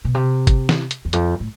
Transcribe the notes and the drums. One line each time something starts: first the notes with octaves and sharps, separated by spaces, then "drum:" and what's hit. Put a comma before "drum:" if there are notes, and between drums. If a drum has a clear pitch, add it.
B2
C3
drum: kick G1, hi-hat
drum: snare
drum: hi-hat
E2
F2, drum: hi-hat
A2